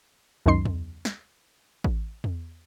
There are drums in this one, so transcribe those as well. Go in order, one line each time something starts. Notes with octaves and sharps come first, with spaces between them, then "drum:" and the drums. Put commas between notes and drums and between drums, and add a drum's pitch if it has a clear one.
C#2 F#2 D#3 D#4 C6 C7
drum: tom E2
drum: snare
drum: kick A1
drum: tom E2